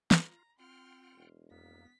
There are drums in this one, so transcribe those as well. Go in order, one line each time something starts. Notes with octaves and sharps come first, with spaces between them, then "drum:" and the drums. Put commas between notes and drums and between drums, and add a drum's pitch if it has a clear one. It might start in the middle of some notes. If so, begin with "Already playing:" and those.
F4 A#5, drum: snare
C4 F4 F#5 G5 C6 F6
E1
F2 A#3 B3 B6